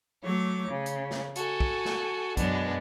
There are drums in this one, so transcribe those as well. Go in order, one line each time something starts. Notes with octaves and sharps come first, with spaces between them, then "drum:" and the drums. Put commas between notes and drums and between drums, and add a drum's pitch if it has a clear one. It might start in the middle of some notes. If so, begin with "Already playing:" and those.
F#3 A3 C#5 D6
C#3
drum: hi-hat
drum: snare
F#4 A4 G#5, drum: hi-hat
drum: kick
drum: snare
F#2 B2 F#3 G#3 B3 D4, drum: kick, hi-hat